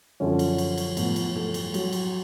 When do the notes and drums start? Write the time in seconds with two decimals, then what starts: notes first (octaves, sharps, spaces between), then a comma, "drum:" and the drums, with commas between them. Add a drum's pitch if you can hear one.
0.20 F#2 D3 F3 C#4
0.39 drum: cymbal
0.58 drum: cymbal
0.78 drum: cymbal
0.97 A2 F3 B3, drum: cymbal
1.16 drum: cymbal
1.35 A3, drum: tom
1.54 drum: cymbal
1.74 F#3, drum: cymbal
1.93 drum: cymbal